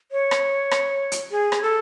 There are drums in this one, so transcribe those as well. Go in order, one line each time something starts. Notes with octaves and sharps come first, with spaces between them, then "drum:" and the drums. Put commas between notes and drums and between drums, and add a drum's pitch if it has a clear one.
C#5
drum: rim click
drum: rim click
drum: hi-hat
G#4
drum: rim click
A4